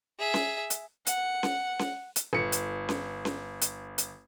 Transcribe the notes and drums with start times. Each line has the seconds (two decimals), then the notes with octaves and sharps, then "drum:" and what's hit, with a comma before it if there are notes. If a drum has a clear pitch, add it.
0.19 G#4 E5
0.34 drum: snare C#4
0.70 drum: hi-hat
1.07 F#5, drum: hi-hat
1.43 drum: snare C#4
1.79 drum: snare C#4
2.16 drum: hi-hat
2.33 G1 C#7
2.52 drum: hi-hat
2.89 drum: snare C#4
3.25 drum: snare C#4
3.61 drum: hi-hat
3.98 drum: hi-hat